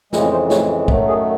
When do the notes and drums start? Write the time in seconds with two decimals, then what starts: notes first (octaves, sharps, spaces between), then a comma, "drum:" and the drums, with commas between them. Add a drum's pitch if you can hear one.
0.13 F2 C#3 E3 G#3, drum: snare
0.31 C5
0.50 C#5, drum: snare
0.88 F#2 D#3 F#3 A3, drum: kick
1.08 G#4